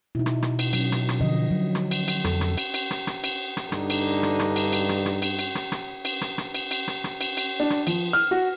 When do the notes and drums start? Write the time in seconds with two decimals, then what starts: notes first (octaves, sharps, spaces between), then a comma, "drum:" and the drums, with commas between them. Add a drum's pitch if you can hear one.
0.15 B2 D#4 E4
0.26 drum: rim click
0.42 drum: rim click
0.59 drum: cymbal
0.73 F#3 C#4, drum: cymbal
0.92 drum: rim click
1.09 drum: rim click
1.21 D3 F3 D#5
1.50 F#3
1.75 drum: rim click
1.91 drum: cymbal
2.08 drum: cymbal
2.24 F2 A4, drum: rim click
2.41 drum: rim click
2.57 drum: cymbal
2.74 drum: cymbal
2.91 drum: rim click
3.07 drum: rim click
3.24 drum: cymbal
3.57 drum: rim click
3.72 G2 D3 D#4, drum: rim click
3.90 drum: cymbal
4.23 drum: rim click
4.39 drum: rim click
4.56 drum: cymbal
4.73 drum: cymbal
4.89 drum: rim click
5.06 drum: rim click
5.22 drum: cymbal
5.39 drum: cymbal
5.55 drum: rim click
5.72 drum: rim click
6.05 drum: cymbal
6.21 drum: rim click
6.38 drum: rim click
6.54 drum: cymbal
6.71 drum: cymbal
6.88 drum: rim click
7.04 drum: rim click
7.21 drum: cymbal
7.37 drum: cymbal
7.60 D4
7.70 drum: rim click
7.87 F3, drum: cymbal
8.13 F6
8.31 F#4